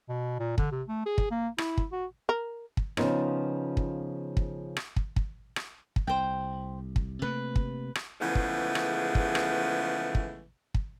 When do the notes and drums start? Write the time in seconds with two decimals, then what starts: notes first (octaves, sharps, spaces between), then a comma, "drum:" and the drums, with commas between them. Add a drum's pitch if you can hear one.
0.09 B2
0.40 A#2
0.58 D3, drum: kick
0.72 C3
0.88 A3
1.06 G#4
1.18 drum: kick
1.31 A#3
1.58 E4, drum: rim click
1.78 drum: kick
1.92 F#4
2.29 A#4
2.77 drum: kick
2.97 C#3 F3 B3 D#4 F4, drum: rim click
3.77 drum: kick
4.37 drum: kick
4.77 drum: rim click
4.96 drum: kick
5.16 drum: kick
5.56 drum: rim click
5.96 drum: kick
6.07 C2 C5 G5
6.96 drum: kick
7.22 C3 A3 A#3 B4
7.56 drum: kick
7.95 drum: rim click
8.21 C#3 E3 F3 G#3 A3 B3
8.35 drum: kick
8.75 drum: rim click
9.15 drum: kick
9.35 drum: rim click
10.15 drum: kick
10.74 drum: kick